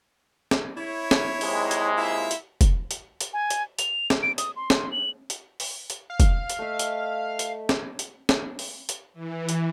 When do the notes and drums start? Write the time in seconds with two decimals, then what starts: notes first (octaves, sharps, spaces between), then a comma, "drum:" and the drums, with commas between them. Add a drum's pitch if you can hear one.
0.51 drum: snare
0.77 E4 C#5
1.11 drum: snare
1.41 D#2 C3 G#3, drum: open hi-hat
1.71 drum: hi-hat
1.97 E4 F4 E5
2.31 drum: hi-hat
2.61 drum: kick, hi-hat
2.91 drum: hi-hat
3.21 drum: hi-hat
3.33 G#5
3.50 drum: hi-hat
3.79 F7, drum: hi-hat
4.10 drum: snare
4.23 D7
4.38 D#6, drum: hi-hat
4.56 C6
4.70 drum: snare
4.92 F#7
5.30 drum: hi-hat
5.60 drum: open hi-hat
5.90 drum: hi-hat
6.10 F5
6.20 drum: kick, hi-hat
6.50 drum: hi-hat
6.59 A3 D#5 E5
6.79 drum: hi-hat
7.39 drum: hi-hat
7.69 drum: snare
7.99 drum: hi-hat
8.29 drum: snare
8.59 drum: open hi-hat
8.89 drum: hi-hat
9.14 E3
9.49 drum: hi-hat